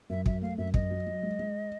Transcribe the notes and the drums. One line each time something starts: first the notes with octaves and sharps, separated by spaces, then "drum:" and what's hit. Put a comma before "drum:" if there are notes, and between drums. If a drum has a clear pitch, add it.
F#2 E5
F#3 E5, drum: kick
A3 F5
F#2 E5
F#2 D#5, drum: kick
F#3
F#3
G#3
G#3